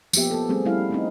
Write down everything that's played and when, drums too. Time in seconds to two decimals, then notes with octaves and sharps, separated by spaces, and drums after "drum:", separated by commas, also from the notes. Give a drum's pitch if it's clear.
0.13 F3 A#3 B3 G4 E5, drum: tambourine
0.31 B3 A4
0.49 G3 A3 C4 G#4
0.66 G3 C#4 E4 F5
0.91 A3 C4 D#4